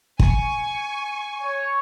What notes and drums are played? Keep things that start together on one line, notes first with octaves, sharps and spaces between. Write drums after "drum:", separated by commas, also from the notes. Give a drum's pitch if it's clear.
G#5 C#6, drum: kick
C#5